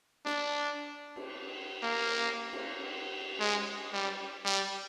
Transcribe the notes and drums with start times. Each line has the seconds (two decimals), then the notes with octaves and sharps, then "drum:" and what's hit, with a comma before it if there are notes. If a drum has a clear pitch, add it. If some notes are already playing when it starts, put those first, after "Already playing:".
0.26 D4, drum: snare
1.16 drum: cymbal
1.83 A#3
2.53 drum: cymbal
3.40 G#3
3.93 G3
4.45 G3